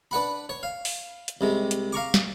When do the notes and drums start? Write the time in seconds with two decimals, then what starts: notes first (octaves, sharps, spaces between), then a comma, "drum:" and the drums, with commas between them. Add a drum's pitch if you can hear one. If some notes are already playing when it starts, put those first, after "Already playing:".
0.11 D4 B4 F#5 B5
0.49 C#5
0.63 F5
0.85 drum: open hi-hat
1.28 drum: hi-hat
1.41 C2 C3 G#3
1.71 drum: hi-hat
1.92 F5 A#5 C#6 D6
2.14 drum: snare